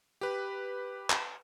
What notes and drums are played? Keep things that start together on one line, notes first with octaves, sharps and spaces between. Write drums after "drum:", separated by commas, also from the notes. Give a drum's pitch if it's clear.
G4 B4
drum: clap